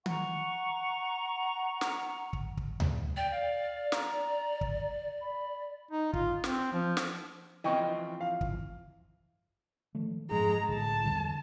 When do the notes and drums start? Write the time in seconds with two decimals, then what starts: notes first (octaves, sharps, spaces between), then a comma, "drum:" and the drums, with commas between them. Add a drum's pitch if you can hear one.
0.06 F#5 A#5 C#6, drum: tom D#3
1.81 drum: snare
2.33 drum: kick
2.57 drum: kick
2.80 drum: tom D2
3.17 D5 G5
3.31 F5
3.92 A#5, drum: snare
4.61 drum: kick
5.21 B5
5.91 D#4
6.13 F4, drum: kick
6.44 C4, drum: snare
6.73 F3
6.97 drum: snare
7.64 E3 F3 C4 D#5 G5 C#6
8.21 F5
8.41 drum: kick
9.95 D#3 F3 A3
10.30 F1 G#2 F3 G#3 A#5
10.69 C2 A2 D3 A5
11.05 E2 D3 G3